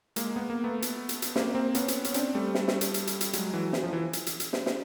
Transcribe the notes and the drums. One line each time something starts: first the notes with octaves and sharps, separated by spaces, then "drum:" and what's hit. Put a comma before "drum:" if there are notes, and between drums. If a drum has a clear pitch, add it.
G#3 A#3, drum: hi-hat
B3
A#3
A3 B3
drum: hi-hat
drum: hi-hat
drum: hi-hat
A#3 C4, drum: snare
A#3 C4
B3 C#4, drum: hi-hat
drum: hi-hat
C#4, drum: hi-hat
C4 D4, drum: hi-hat
G3 A3
drum: snare
drum: snare
drum: hi-hat
drum: hi-hat
drum: hi-hat
drum: hi-hat
F#3 G#3, drum: hi-hat
E3 F#3
F#3, drum: snare
F3
E3
drum: hi-hat
drum: hi-hat
drum: hi-hat
drum: snare
drum: snare